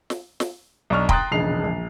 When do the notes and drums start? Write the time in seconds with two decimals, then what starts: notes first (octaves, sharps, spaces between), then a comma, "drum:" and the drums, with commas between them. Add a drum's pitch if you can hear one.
0.10 drum: snare
0.40 drum: snare
0.90 B1 D4 C#6 F6
1.09 G5 A#5 C6 D#6 F#6 A6, drum: kick
1.31 E1 A#1 C#3 D#4 C7 F7
1.64 A#1